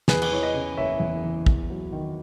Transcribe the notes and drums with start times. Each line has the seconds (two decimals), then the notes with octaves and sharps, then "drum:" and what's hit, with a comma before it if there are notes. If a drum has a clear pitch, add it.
0.08 E2 G#4 B4, drum: snare
0.22 B4, drum: cymbal
0.31 E3 C#5
0.42 B4 D#5
0.54 C#3
0.77 F#1 C#5 E5
1.00 E2
1.24 E3
1.46 E2, drum: kick
1.70 F#3
1.92 D#3